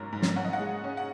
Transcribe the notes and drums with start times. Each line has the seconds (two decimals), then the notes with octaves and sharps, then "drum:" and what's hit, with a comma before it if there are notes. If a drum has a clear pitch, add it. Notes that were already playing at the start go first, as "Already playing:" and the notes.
Already playing: G#2 F#3 A#3 C#4 A#4 C#5
0.12 G#2
0.22 drum: snare
0.36 C#4 F#5
0.45 D#5
0.53 F#5
0.60 G#3
0.84 C#4
0.97 F#5